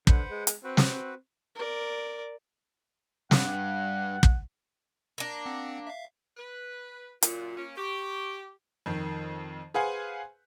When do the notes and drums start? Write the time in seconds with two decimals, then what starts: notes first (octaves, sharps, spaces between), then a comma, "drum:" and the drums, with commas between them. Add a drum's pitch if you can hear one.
0.07 D3 B4 C5 F#5, drum: kick
0.30 G#3
0.47 drum: hi-hat
0.64 C4 F#4 B4
0.77 drum: snare
1.55 A#4 D5
3.31 G2 F#5, drum: snare
4.23 drum: kick
5.18 A#3 D4 A#6
5.46 C4 F#5
5.87 E5 F5
6.37 B4
7.22 F#2 A#2 F4, drum: hi-hat
7.57 A#3 C#4
7.77 G4 C#6
8.86 F2 D#3
9.74 G#4 B4 C5 F5 F#5 G#5